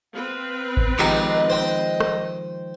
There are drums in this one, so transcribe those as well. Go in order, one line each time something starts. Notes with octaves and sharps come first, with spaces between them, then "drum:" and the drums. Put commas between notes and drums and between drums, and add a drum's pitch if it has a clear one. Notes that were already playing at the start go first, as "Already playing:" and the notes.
C4 B4 F5
drum: kick A1
D#3 F3 G#3 D#4 G4 D#5, drum: clap
C5 G5 C6
drum: rim click